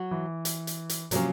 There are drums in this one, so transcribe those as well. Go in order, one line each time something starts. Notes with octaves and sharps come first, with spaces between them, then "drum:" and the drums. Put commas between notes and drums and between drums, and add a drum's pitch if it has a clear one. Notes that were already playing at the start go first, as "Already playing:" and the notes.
Already playing: F#3 F#4
E3
drum: hi-hat
drum: hi-hat
drum: hi-hat
C3 F3 F#3 A#3 C#4, drum: hi-hat